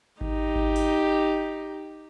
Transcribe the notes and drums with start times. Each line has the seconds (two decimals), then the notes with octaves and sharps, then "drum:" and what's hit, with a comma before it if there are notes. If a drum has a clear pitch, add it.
0.21 D#4 G4, drum: kick G#1
0.55 drum: kick G#1
0.76 drum: open hi-hat